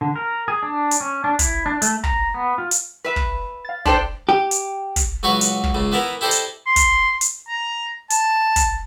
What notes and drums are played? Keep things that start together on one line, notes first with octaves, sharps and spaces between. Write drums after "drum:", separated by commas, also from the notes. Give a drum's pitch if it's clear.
D3
A#4
G#4
D4
drum: hi-hat
C#4
D4
E4, drum: kick, hi-hat
D4
A3, drum: hi-hat
A#5, drum: kick
B3
F4
drum: hi-hat
B4 E5
drum: kick
F5 A6
D4 A4 C5 G5 A5 C6, drum: kick
G4
drum: hi-hat
drum: kick, hi-hat
C#2 F#3 F#4 B4 C#5
drum: hi-hat
drum: kick
C#2 C#3
E3 B3 E4 A#4
E4 G4 A4 C5 D5 D#5
drum: hi-hat
C6
drum: kick, hi-hat
drum: hi-hat
A#5
A5, drum: hi-hat
drum: kick, hi-hat